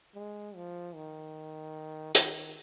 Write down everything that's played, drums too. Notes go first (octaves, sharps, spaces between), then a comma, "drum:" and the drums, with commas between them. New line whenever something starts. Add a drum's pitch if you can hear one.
G#3
F3
D#3
D#3, drum: hi-hat